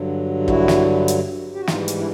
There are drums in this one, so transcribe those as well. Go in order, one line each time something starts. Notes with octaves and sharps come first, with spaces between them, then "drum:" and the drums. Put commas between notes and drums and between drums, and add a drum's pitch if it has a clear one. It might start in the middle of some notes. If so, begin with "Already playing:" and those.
Already playing: G2 D3 F#3
E4 F#4, drum: kick
drum: snare
drum: hi-hat
G4
F#4
G#2 E3 G3 D#4 F4, drum: snare
drum: hi-hat
D4 E4